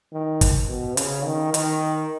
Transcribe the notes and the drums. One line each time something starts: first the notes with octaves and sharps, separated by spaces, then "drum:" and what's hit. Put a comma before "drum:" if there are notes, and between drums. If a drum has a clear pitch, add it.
D#3
drum: kick, hi-hat
B2
C#3, drum: hi-hat
D#3
D#3, drum: hi-hat